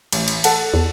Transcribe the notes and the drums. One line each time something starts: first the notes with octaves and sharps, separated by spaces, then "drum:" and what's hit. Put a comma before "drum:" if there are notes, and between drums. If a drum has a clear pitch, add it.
A1, drum: cymbal
drum: cymbal
A4 F#5 A5, drum: cymbal
E2